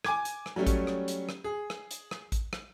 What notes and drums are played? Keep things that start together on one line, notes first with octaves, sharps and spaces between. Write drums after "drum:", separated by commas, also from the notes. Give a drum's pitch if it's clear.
G#5 D6 G#6, drum: rim click
drum: hi-hat
drum: rim click
F#3 G3 A3 C#4
drum: kick, hi-hat
drum: rim click
drum: hi-hat
drum: rim click
G#4
drum: rim click
drum: hi-hat
drum: rim click
drum: kick, hi-hat
drum: rim click